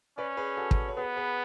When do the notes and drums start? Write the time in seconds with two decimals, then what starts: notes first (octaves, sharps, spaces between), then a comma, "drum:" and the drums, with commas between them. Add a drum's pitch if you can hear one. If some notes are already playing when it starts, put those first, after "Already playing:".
0.18 C#4 B4 D5
0.37 G#4 B4
0.57 F#4 A4
0.71 drum: kick
0.88 C#5
0.97 B3 G#4 B4
1.17 G#4 B4